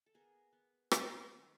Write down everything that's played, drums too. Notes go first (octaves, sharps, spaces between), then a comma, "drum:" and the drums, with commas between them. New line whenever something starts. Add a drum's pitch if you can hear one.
A4
B3 G#4 A#4
B3
B3, drum: rim click
D#3